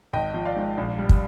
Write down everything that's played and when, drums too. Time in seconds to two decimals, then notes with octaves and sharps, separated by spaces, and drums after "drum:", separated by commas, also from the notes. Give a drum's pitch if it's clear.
0.13 G#1 D#5 G5
0.34 F3
0.45 D5 F5
0.56 G#2
0.77 A#1
0.98 G3
1.09 drum: kick